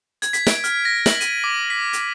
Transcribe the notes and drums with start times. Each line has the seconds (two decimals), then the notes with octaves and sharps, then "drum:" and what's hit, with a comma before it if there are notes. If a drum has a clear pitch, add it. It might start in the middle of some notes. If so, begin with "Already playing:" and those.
0.22 G#6, drum: hi-hat
0.33 B6, drum: hi-hat
0.47 D7, drum: snare
0.64 F6, drum: hi-hat
0.85 A#6
1.06 F#7, drum: snare
1.21 D#7, drum: hi-hat
1.44 D6
1.70 B6
1.93 drum: hi-hat